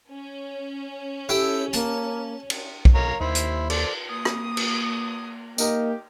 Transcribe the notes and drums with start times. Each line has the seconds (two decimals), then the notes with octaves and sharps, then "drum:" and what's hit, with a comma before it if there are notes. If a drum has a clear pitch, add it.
0.10 C#4
1.29 E4 G4 A4 G5
1.73 A#3 A5, drum: hi-hat
2.50 drum: cymbal
2.85 drum: kick B1
2.95 B1 A#4 C#5 F5
3.21 D#2 E4 C5
3.35 drum: hi-hat
3.70 A4 C5 D5, drum: cymbal
4.10 A#3 D#6
4.25 drum: rim click
4.57 drum: cymbal
5.58 A#3 D#4 G4 A#4 D#5, drum: tambourine